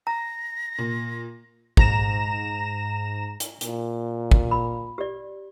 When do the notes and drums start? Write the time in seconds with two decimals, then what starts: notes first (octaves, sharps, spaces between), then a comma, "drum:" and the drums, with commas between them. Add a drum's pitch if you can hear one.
0.07 A#5 A#6
0.78 A#2
1.77 G#2 A#5 A#6 E7, drum: kick
3.40 drum: hi-hat
3.61 A#2, drum: hi-hat
4.31 drum: kick
4.51 B5
4.98 G4 D5